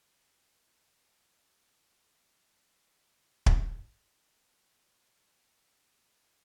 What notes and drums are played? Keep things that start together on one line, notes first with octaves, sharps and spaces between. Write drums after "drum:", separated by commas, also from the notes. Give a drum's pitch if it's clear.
G4
C7
C6
drum: kick
D3 D#3 E6